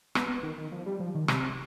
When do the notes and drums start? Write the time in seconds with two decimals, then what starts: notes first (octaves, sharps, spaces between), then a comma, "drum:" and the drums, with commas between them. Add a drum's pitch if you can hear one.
0.15 B3, drum: rim click
0.28 B3
0.43 D#3
0.58 D#3
0.72 F3
0.86 G3
1.00 F3
1.15 D#3
1.28 C3, drum: rim click